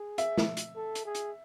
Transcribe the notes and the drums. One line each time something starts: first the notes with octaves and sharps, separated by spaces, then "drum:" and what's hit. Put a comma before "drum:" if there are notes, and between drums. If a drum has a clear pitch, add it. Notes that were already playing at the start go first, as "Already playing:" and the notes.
Already playing: G#4
E5, drum: hi-hat
drum: snare
drum: hi-hat
A4
drum: hi-hat
G#4
drum: hi-hat